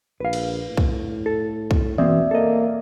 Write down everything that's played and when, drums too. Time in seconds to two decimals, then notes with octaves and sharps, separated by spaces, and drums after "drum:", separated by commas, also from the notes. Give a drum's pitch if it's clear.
0.20 A#1 B4 F5
0.33 drum: cymbal
0.67 A2
0.77 drum: kick
1.26 A4
1.71 drum: kick
1.98 B2 E3 A#3 C4 D5 E5 D#6
2.31 A#3 A4 D#5